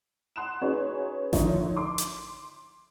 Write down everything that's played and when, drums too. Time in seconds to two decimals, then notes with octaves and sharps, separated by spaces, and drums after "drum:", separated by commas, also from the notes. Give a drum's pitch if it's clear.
0.36 F#5 C6 F#6 E7
0.62 C#4 D#4 F#4 G#4 B4 C#5
1.33 D3 D#3 F3 D#4 E4 C#5, drum: snare A1
1.76 C6 D6
1.98 drum: hi-hat